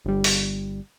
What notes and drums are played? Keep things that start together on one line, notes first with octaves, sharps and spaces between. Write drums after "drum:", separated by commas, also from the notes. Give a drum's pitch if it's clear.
G1 G3
drum: open hi-hat